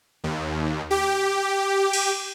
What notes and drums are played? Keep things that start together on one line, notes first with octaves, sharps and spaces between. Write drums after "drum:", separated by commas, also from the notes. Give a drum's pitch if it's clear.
D#2
G4
drum: cymbal